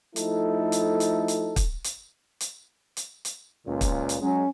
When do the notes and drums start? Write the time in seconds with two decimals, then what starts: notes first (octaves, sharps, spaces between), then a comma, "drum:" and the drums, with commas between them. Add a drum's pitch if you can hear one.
0.16 F3 A3 D#4 E4 A4, drum: hi-hat
0.72 drum: hi-hat
1.00 drum: hi-hat
1.28 drum: hi-hat
1.56 drum: kick, hi-hat
1.84 drum: hi-hat
2.41 drum: hi-hat
2.97 drum: hi-hat
3.25 drum: hi-hat
3.66 C#2 A#2
3.81 drum: kick, hi-hat
4.09 drum: hi-hat
4.21 F#3 G#3 C#4